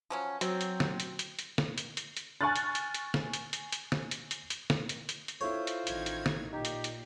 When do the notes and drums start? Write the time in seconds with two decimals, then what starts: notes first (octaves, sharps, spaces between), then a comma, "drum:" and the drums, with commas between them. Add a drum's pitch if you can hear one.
0.10 F3 F#3 C#4
0.41 F#3 C4, drum: hi-hat
0.61 drum: hi-hat
0.80 drum: snare
1.00 drum: hi-hat
1.19 drum: hi-hat
1.39 drum: hi-hat
1.58 drum: snare
1.78 drum: hi-hat
1.97 drum: hi-hat
2.17 drum: hi-hat
2.41 G#5 C#6 F6 F#6 A6
2.56 drum: hi-hat
2.75 drum: hi-hat
2.95 drum: hi-hat
3.14 drum: snare
3.33 drum: hi-hat
3.53 drum: hi-hat
3.72 drum: hi-hat
3.92 drum: snare
4.11 drum: hi-hat
4.31 drum: hi-hat
4.50 drum: hi-hat
4.70 drum: snare
4.89 drum: hi-hat
5.09 drum: hi-hat
5.28 drum: hi-hat
5.41 E4 F4 A4 C5 C#5
5.67 drum: hi-hat
5.87 A1 D#3 G#6, drum: hi-hat
6.06 drum: hi-hat
6.26 drum: snare
6.53 A#2 D#4 G4
6.65 drum: hi-hat
6.84 drum: hi-hat